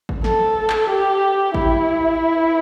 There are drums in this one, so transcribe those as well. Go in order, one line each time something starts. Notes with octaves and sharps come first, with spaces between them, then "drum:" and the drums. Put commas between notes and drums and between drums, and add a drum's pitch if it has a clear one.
drum: kick G#1
A4, drum: snare
drum: clap
G4
E4, drum: kick G#1